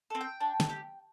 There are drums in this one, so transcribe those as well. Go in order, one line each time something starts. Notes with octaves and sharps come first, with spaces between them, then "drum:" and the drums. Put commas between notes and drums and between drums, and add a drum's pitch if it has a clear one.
C4 A4
G5
D4
drum: snare
G4